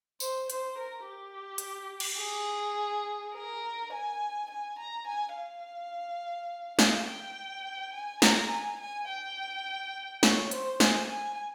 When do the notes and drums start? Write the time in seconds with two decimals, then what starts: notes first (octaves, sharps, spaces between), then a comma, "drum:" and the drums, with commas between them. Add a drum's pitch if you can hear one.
0.20 C5, drum: tambourine
0.50 C5, drum: hi-hat
0.78 A#4
1.06 G4
1.58 drum: hi-hat
2.00 drum: cymbal
2.20 G#4
3.35 A#4
3.92 G#5
4.50 G#5
4.79 A#5
5.07 G#5
5.36 F5
6.79 F5, drum: snare
7.07 G5
7.93 G#5
8.22 A#5, drum: snare
8.50 G#5
8.80 G#5
9.09 G5
10.23 C#5, drum: snare
10.51 C5, drum: hi-hat
10.80 G#5, drum: snare
11.08 G#5